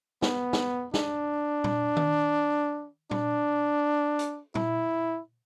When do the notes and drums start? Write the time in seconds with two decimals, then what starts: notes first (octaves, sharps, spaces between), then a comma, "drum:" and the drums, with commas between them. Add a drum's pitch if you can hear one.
0.22 B3, drum: snare
0.53 drum: snare
0.94 D4, drum: snare
1.64 drum: tom
1.97 drum: tom D#3
3.11 D4, drum: tom
4.19 drum: hi-hat
4.55 E4, drum: tom